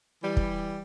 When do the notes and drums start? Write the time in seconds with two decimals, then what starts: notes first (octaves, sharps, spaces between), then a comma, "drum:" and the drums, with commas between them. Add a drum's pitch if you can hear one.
0.23 E3 G3
0.37 drum: kick